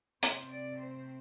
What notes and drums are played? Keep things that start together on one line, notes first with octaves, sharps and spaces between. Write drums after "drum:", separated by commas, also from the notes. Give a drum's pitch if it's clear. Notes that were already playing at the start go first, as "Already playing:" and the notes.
C3 A3 C4 C5, drum: hi-hat
D5
C5